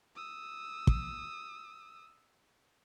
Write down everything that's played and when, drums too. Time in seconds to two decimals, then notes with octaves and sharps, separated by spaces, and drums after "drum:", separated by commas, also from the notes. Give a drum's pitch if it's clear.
0.16 D#6 E6
0.87 drum: kick